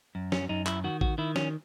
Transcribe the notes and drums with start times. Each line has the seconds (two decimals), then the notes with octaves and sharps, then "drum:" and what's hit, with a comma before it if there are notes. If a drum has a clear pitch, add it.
0.15 F#2
0.32 C#4, drum: snare
0.49 F#2 D#4
0.66 E4, drum: clap
0.84 D#3 F#4
1.01 F#4, drum: kick A1
1.18 D#3 E4
1.36 C#4, drum: snare